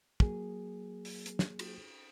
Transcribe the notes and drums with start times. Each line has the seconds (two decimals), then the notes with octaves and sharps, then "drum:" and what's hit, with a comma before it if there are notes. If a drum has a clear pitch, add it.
0.20 F#3 A#3 G#4, drum: kick
1.05 drum: open hi-hat
1.26 drum: hi-hat
1.39 drum: snare
1.59 drum: cymbal